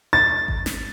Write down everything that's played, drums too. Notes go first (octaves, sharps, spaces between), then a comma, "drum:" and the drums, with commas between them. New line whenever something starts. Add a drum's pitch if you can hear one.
A6
drum: kick G#1
drum: snare